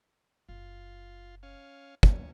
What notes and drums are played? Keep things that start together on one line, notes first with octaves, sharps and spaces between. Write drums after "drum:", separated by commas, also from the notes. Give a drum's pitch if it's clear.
F#1 F4
C#4 F5
C#2 C#4, drum: kick